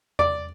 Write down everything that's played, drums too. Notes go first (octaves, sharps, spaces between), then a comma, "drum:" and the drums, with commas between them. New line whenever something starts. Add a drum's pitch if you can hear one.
D5, drum: tom E2